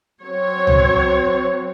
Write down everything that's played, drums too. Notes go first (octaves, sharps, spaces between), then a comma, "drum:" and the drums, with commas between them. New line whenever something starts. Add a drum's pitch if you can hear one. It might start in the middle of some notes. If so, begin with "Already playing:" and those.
F#3 C4 C#5
drum: tom C2